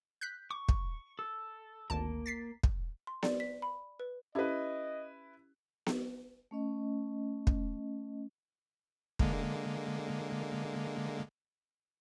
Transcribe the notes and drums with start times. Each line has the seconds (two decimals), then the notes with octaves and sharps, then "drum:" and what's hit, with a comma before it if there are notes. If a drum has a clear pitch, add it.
0.21 F#6 G6 B6
0.51 C#6 D6
0.69 drum: kick
1.19 A4
1.90 G#1 D2 A#3 A5
2.26 A6 B6 C7
2.63 drum: kick
3.07 C6
3.23 D5, drum: snare B3
3.40 B6
3.62 B5
4.00 B4
4.35 C#4 E4 G4 B4 D#5
5.86 drum: snare B3
6.51 A3 C#4 D#5
7.47 drum: kick
9.19 D3 G#3 A#3, drum: kick